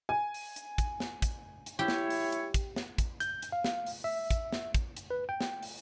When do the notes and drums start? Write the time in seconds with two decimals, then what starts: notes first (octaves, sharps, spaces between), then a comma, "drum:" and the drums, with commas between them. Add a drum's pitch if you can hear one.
0.09 G#5
0.34 drum: open hi-hat
0.56 drum: hi-hat
0.78 drum: kick, hi-hat
1.00 drum: snare
1.22 drum: kick, hi-hat
1.66 drum: hi-hat
1.79 E4 G4 C#5
1.88 drum: snare
2.10 drum: open hi-hat
2.32 drum: hi-hat
2.54 drum: kick, hi-hat
2.76 drum: snare
2.98 drum: kick, hi-hat
3.20 G6, drum: hi-hat
3.42 drum: hi-hat
3.52 F5
3.64 drum: snare
3.86 drum: open hi-hat
4.04 E5
4.30 drum: kick, hi-hat
4.52 drum: snare
4.74 drum: kick, hi-hat
4.97 drum: hi-hat
5.11 B4
5.29 G5
5.41 drum: snare
5.63 drum: open hi-hat